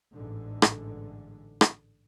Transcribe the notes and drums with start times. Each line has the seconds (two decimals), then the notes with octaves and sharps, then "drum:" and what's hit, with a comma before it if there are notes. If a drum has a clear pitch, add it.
0.13 A1 G#2 D3
0.62 drum: rim click
1.61 drum: rim click